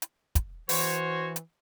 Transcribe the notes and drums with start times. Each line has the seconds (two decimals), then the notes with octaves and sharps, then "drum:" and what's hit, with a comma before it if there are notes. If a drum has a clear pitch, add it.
0.02 drum: hi-hat
0.35 drum: kick, hi-hat
0.69 E3 F#4 C5 C#5, drum: open hi-hat
1.36 drum: hi-hat